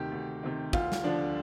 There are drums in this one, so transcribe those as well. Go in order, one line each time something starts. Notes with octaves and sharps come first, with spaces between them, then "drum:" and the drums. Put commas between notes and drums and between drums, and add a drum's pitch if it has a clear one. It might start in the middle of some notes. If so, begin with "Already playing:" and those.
Already playing: D2 C3 D#3 G4
D2
C3 D#3
D2 F4, drum: kick
drum: snare
D3 F3 D4